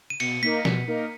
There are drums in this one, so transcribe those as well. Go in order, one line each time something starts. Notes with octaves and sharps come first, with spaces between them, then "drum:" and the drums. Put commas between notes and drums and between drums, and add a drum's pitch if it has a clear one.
D#7
B2 C#7, drum: cymbal
A#3 D#4 A#4 B6
B2, drum: snare
A#3 D#4 A#4